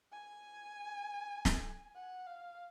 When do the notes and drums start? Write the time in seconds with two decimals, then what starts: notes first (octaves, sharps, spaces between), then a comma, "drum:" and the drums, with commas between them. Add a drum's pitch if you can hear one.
0.12 G#5
1.45 drum: snare
1.95 F#5
2.26 F5